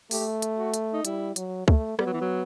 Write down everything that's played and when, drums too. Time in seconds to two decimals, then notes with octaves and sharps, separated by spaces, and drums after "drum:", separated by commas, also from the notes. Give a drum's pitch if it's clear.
0.11 A3 G4, drum: open hi-hat
0.42 drum: hi-hat
0.58 F#4
0.74 drum: hi-hat
0.93 D#4
1.05 G3 E4, drum: hi-hat
1.36 F#3, drum: hi-hat
1.68 A3, drum: kick C#2
1.99 G3 B3, drum: rim click
2.06 F#3
2.13 E3
2.21 F#3